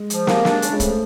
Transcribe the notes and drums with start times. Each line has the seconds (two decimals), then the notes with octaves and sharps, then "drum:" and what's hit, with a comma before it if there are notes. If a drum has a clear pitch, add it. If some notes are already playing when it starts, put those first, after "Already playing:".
Already playing: G#3
0.10 F3, drum: hi-hat
0.27 A#3, drum: snare
0.45 D4, drum: snare
0.62 C#3, drum: hi-hat
0.73 G#3
0.80 F3 A3, drum: kick, hi-hat